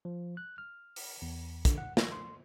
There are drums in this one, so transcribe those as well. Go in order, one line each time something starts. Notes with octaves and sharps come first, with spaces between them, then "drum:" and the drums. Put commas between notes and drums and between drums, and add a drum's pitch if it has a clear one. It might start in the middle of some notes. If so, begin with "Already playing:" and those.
F3
F#6
F6
drum: open hi-hat
E2
D3, drum: kick, hi-hat
F#5
A#6, drum: snare
C6